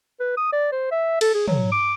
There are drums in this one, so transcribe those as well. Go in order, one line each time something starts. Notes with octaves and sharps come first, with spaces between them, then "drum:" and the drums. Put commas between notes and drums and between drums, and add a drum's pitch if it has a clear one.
B4
D#6
D5
C5
E5
A4, drum: cymbal
G#4
F#3, drum: tom
D6